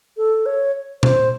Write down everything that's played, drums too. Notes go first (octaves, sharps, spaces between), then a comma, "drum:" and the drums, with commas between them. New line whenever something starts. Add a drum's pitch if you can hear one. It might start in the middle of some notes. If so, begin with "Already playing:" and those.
A4
C#5
C5, drum: tom A#2